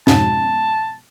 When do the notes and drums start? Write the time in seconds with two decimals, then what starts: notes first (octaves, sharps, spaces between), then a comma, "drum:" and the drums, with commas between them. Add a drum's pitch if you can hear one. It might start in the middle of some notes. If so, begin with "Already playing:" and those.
0.07 F2 G#2 B2 A5, drum: snare C#4